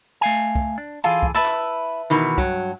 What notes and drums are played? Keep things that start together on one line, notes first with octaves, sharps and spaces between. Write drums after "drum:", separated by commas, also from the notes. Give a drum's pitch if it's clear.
A3 F5 G#5
drum: kick
D4
E3 F4 G#4 A4
drum: kick
E4 B4 E5 A5
drum: clap
B2 D#3 E3
G2 F#3, drum: kick